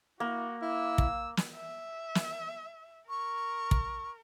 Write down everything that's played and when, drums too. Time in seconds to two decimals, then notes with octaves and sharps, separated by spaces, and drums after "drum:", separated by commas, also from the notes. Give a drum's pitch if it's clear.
0.20 A#3 E4 F#4
0.62 E4 F5 E6
0.98 drum: kick
1.37 drum: snare
1.55 E5
2.15 drum: snare
3.09 A#4 C#6
3.71 drum: kick